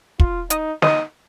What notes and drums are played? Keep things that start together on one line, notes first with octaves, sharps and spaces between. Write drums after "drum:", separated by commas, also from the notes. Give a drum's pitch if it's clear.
F4, drum: kick
D#4 D#5, drum: hi-hat
D#4 D#5, drum: snare